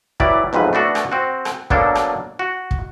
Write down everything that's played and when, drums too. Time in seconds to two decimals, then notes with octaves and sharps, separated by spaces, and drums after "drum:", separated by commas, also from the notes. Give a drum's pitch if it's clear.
0.20 E3 F#3 G3 E4 D5, drum: kick
0.53 B1 F2 G#2 E3 B4
0.73 A3 B3 D4 F#4 A4
0.95 drum: rim click
1.12 C4 F#4
1.45 drum: rim click
1.70 B2 F#3 A#3 D4 A4, drum: kick
1.95 drum: rim click
2.39 F#4
2.71 drum: kick